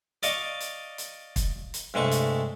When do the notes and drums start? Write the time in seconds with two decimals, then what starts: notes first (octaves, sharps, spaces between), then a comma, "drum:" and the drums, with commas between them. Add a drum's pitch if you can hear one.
0.23 D5 D#5 F5 C#6 D6, drum: hi-hat
0.60 drum: hi-hat
0.98 drum: hi-hat
1.36 drum: kick, hi-hat
1.74 drum: hi-hat
1.94 G2 C3 G#3 A3 C#6
2.11 drum: hi-hat